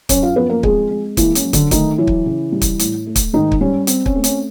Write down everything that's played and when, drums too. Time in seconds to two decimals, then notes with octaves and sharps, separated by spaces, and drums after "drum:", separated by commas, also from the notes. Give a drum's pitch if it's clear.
0.09 F#2 C#4 C#5, drum: kick, hi-hat
0.22 F4 F5
0.36 F3 B3 B4
0.49 A#3 A#4
0.63 G#3 C4 G#4, drum: kick
0.90 G#3
1.17 E3 A#3 E4, drum: kick, hi-hat
1.35 C#4, drum: hi-hat
1.44 F#3
1.53 D3 D4, drum: kick, hi-hat
1.71 D#3 A3 D#4, drum: kick, hi-hat
1.98 E3 F#3 E4
2.07 drum: kick
2.26 C#3
2.52 G3
2.62 drum: kick, hi-hat
2.79 A2, drum: hi-hat
3.06 A3
3.16 drum: kick, hi-hat
3.33 G#2 D#3 D#4
3.52 drum: kick
3.61 G3 C#4
3.87 C4, drum: hi-hat
4.06 C#4, drum: kick
4.15 A3
4.24 C#4, drum: hi-hat